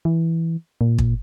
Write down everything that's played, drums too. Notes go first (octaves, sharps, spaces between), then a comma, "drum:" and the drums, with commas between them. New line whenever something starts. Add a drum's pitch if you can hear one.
E3
A#2
drum: kick